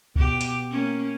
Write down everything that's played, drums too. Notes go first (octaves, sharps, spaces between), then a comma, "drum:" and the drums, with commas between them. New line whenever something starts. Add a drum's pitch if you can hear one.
B2 G4, drum: kick C#2
drum: hi-hat
A#3 C#4